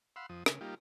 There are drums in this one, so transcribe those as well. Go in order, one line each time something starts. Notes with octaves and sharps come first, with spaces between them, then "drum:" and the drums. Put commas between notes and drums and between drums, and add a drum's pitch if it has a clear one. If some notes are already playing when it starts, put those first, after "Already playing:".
F5 F#5 B5 C6 E6
F2 F3 D#6
C#3, drum: rim click
G3 A#3 D#4 F4 G4